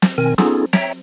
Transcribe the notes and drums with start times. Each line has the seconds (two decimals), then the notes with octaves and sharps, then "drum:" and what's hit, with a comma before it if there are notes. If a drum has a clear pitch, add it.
0.02 drum: snare
0.18 B2 D#3 C4 A#4 G#5
0.38 B3 C#4 D#4 F4 G#4 A4, drum: snare
0.73 C#5 E5 G5 A#5, drum: snare